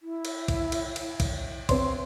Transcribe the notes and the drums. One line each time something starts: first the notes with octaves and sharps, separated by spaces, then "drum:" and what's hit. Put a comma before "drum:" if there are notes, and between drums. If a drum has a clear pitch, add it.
E4
drum: cymbal
drum: kick, cymbal
drum: cymbal
drum: cymbal
drum: kick, cymbal
C4 C5 C#5 C6, drum: kick, cymbal